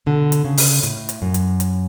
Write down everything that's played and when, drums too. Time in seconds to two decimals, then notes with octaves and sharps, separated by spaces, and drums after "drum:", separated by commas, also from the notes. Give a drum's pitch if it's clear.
0.06 B2 D3
0.32 drum: hi-hat
0.45 C#3
0.57 drum: open hi-hat
0.83 A2, drum: hi-hat
1.09 drum: hi-hat
1.22 F#2
1.34 drum: hi-hat
1.60 drum: hi-hat